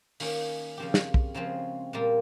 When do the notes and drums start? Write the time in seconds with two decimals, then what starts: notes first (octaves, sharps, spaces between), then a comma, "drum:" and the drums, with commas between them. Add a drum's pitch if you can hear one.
0.20 D#3 A#3 C#4, drum: open hi-hat
0.77 C#3 F3 C4 G4
0.94 drum: snare
1.14 drum: kick B1
1.34 C#3 F3 G#3 C4
1.93 A#2 G3 A#3